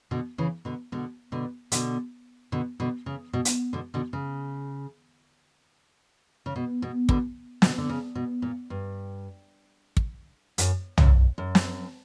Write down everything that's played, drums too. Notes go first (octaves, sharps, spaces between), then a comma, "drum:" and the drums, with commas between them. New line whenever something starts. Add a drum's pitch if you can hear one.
B2 D3
C#3 E3
B2 D3
B2 D3
B2 D3
B2 D3, drum: hi-hat
B2 D3
B2 D3
C#3
B2
drum: hi-hat
B2 D3
B2 D3
C#3
C#3
B2
B2
B2 D3, drum: kick
B2 D3, drum: snare
D3
C#3
B2
A#2
G2
drum: kick
F#2, drum: hi-hat
F#2, drum: tom
F#2
drum: snare